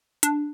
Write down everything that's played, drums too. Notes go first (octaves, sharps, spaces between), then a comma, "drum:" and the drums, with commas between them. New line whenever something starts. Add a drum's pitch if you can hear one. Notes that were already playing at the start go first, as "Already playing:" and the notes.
D4, drum: hi-hat